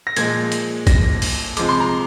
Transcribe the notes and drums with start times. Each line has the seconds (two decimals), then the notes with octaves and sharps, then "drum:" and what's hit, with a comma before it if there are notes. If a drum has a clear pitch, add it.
0.07 A#6
0.16 A#2 F3 G#3 G#6, drum: hi-hat
0.52 drum: hi-hat
0.87 A#6, drum: kick, hi-hat
1.22 drum: open hi-hat
1.57 C3 F3 G#3 D6, drum: hi-hat
1.69 C6
1.80 A#5